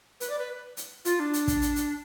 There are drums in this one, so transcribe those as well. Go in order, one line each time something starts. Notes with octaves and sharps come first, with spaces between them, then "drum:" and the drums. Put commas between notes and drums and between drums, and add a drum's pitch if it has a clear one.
B4, drum: hi-hat
D5
B4
drum: hi-hat
F4, drum: hi-hat
D4
drum: hi-hat
drum: kick, hi-hat
drum: hi-hat
drum: hi-hat